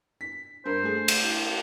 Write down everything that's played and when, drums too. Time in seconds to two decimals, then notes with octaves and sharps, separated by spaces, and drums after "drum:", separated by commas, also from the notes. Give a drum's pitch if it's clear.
0.21 B6
0.65 G2 A#4 C5
0.83 A3 G#4
1.08 drum: cymbal
1.23 E4